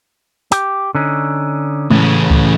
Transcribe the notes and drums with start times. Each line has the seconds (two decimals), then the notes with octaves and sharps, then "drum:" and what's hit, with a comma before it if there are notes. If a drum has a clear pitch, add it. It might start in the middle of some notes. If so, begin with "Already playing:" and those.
0.52 G4, drum: hi-hat
0.95 D3 C#4 D#4
1.90 A2 C#3 E3 C#4, drum: tom G#3
2.31 drum: kick C#2